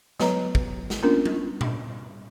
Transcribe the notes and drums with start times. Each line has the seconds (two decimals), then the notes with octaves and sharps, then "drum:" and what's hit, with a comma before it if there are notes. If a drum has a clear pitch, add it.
0.20 F#3 B3 B4 C#5 D#5 A#5, drum: snare
0.55 drum: kick
0.90 drum: snare
1.02 A#3 B3 C#4 D4 F4 A#4
1.26 drum: tom G3
1.61 drum: tom A#2